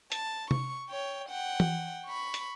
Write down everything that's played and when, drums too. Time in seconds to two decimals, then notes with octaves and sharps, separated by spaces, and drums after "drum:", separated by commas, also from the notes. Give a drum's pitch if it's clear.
0.12 A5, drum: hi-hat
0.51 C#6, drum: tom C3
0.90 C#5 G5
1.29 F#5 G5
1.60 drum: tom E3
2.06 B5 C#6
2.34 drum: hi-hat